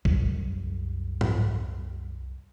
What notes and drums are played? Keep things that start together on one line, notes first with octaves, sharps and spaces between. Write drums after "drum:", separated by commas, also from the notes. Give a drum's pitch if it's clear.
C2 F#2, drum: kick
drum: tom G#2